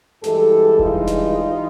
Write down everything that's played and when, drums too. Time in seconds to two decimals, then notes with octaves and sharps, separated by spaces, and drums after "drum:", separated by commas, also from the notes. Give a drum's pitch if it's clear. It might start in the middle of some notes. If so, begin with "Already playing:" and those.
0.24 G2 E3 G#3 G4 A4, drum: snare
0.79 D#4 F4, drum: kick E1
1.07 drum: snare
1.36 G2 E3 G3